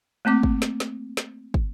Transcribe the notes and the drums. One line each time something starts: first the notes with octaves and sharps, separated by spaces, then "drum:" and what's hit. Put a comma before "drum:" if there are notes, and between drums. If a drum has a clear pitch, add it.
A3 A#3 C4 D6
drum: kick
drum: snare
drum: snare
drum: snare
drum: kick